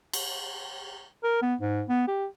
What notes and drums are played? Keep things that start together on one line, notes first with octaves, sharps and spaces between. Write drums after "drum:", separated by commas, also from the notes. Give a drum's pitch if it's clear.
drum: cymbal
A#4
B3
G#2
B3
G4